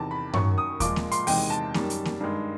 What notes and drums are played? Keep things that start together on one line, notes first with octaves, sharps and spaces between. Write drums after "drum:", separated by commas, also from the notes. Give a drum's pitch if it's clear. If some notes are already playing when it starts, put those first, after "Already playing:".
Already playing: E2 C3 D#3 A5
B5
F#2 D#3 F#3 C#6, drum: tom G2
D#6
A#2 F3 G#3 D6, drum: kick D#2, hi-hat
drum: snare A#3
C6, drum: hi-hat
E2 C3 D#3 G#3 G5, drum: open hi-hat
A5
F#2 D#3 G3, drum: snare A#3
drum: hi-hat
drum: snare A#3
G2 D#3 G#3